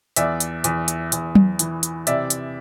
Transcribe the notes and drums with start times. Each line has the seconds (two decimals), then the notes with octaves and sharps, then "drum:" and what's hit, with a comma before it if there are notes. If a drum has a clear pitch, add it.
0.16 E2 D5 E5, drum: hi-hat
0.40 drum: hi-hat
0.64 E2, drum: hi-hat
0.88 drum: hi-hat
1.12 E2, drum: hi-hat
1.35 drum: tom F#3
1.59 E3, drum: hi-hat
1.83 drum: hi-hat
2.07 C3 D5 E5, drum: hi-hat
2.30 drum: hi-hat